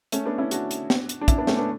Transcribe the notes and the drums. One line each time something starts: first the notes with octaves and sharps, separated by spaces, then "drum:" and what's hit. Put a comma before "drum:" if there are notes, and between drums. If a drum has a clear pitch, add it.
A3 C#4, drum: hi-hat
B3 D4
C#4 E4
D4 F#4, drum: hi-hat
drum: hi-hat
drum: snare
drum: hi-hat
D4
C#4 E4, drum: kick, hi-hat
B3 D4
A3 C#4, drum: snare
B3 D4